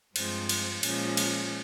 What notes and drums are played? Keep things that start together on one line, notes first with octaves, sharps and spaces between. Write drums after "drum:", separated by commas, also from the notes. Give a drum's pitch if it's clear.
G2 F3 G#3 C4, drum: cymbal
drum: cymbal
A#2 F3 G#3 C#4, drum: cymbal
drum: cymbal